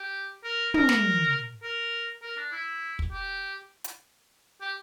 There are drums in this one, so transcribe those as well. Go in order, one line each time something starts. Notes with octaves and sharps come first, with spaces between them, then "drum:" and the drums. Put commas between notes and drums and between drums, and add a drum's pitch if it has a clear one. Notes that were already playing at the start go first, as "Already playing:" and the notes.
Already playing: G4
A#4
A#4, drum: tom
drum: snare
A#4
A#4
D4
E4
drum: kick
G4
drum: hi-hat
G4